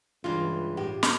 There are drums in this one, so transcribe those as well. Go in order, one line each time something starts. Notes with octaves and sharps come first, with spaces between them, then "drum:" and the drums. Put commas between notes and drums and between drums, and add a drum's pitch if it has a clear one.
C#2 G2 E3 F4
A2 G4
drum: snare